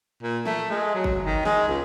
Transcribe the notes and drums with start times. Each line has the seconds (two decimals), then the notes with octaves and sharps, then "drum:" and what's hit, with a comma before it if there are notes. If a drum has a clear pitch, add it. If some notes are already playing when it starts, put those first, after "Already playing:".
0.23 A#2
0.45 A3, drum: snare
0.71 G#3
0.94 F#3
1.04 drum: kick G1
1.23 D#3
1.45 G#3, drum: snare
1.68 C#2